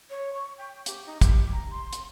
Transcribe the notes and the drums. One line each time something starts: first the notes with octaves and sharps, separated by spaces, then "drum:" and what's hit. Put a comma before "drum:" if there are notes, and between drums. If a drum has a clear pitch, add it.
C#5
C#6
G5
G4, drum: hi-hat
D#4
G4, drum: kick, hi-hat
A#5
C6
drum: hi-hat